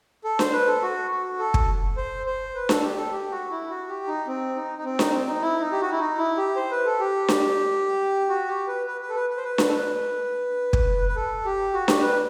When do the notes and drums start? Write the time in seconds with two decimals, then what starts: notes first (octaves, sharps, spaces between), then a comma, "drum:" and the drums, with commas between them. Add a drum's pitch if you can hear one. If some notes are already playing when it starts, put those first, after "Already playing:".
0.24 A4
0.39 C5, drum: snare D4
0.53 B4
0.67 A4
0.82 F#4
1.11 F#4
1.39 A4
1.54 drum: kick
1.97 C5
2.26 C5
2.55 B4
2.69 A4, drum: snare D4
2.83 G4
2.97 A4
3.12 G4
3.31 F#4
3.51 E4
3.70 F#4
3.89 G4
4.07 D#4
4.27 C4
4.55 D#4
4.78 D#4
4.84 C4
4.99 D#4, drum: snare D4
5.12 C4
5.27 D#4
5.42 E4
5.60 D#4
5.72 G4
5.81 F#4
5.91 E4
5.99 D#4
6.18 E4
6.37 G4
6.56 C5
6.71 B4
6.85 A4
7.00 G4
7.28 drum: snare D4
8.29 F#4
8.48 G4
8.68 B4
8.87 B4
9.01 B4
9.09 A4
9.15 B4
9.30 B4
9.37 C5
9.43 B4
9.58 drum: snare D4
9.68 A4
9.73 B4
10.73 drum: kick
11.09 B4
11.16 A4
11.45 G4
11.74 F#4
11.88 G4, drum: snare D4
12.02 B4